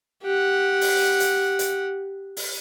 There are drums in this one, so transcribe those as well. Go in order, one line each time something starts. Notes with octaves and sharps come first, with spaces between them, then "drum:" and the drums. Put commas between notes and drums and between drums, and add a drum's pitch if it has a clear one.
G4 F#5
drum: open hi-hat
drum: hi-hat
drum: hi-hat
drum: open hi-hat